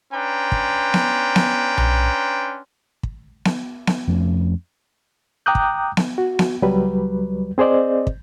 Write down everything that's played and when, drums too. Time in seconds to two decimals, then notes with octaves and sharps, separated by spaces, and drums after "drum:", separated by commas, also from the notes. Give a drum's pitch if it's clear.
0.12 C#4 D4 B4 G5 A#5 C6
0.52 drum: kick
0.94 drum: snare B3
1.36 drum: snare B3
1.78 drum: tom B1
3.03 drum: kick
3.45 drum: snare B3
3.87 drum: snare B3
4.07 F2 F3 A3 C#4
5.46 G5 A#5 D6 D#6 F#6 G6
5.55 drum: kick
5.97 drum: snare B3
6.18 F#4
6.39 drum: snare B3
6.62 C#2 F#3 G3 B4
7.58 C4 G#4 C5 D5 D#5
8.07 drum: kick